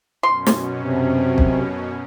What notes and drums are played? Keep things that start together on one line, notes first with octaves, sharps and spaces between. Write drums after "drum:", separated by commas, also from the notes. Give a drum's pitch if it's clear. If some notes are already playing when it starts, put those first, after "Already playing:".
F#2 B2 C#4 C6
drum: snare
C3
drum: kick